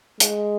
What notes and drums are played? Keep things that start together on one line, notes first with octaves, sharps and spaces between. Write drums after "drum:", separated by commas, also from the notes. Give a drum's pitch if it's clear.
G#3, drum: hi-hat